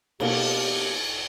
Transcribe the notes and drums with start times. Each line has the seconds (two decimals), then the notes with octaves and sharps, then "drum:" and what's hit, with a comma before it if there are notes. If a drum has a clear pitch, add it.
0.20 B2 A#3 G4, drum: cymbal